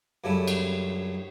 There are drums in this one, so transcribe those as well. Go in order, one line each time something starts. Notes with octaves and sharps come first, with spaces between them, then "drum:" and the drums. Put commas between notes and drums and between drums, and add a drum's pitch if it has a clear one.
F#2 C#3 G3 A3 C#4 E4
drum: cymbal